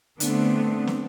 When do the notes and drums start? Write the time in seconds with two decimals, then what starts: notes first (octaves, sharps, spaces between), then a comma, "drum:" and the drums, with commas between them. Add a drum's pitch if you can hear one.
0.20 D3 A3 B3 C4 D4, drum: hi-hat
0.87 drum: snare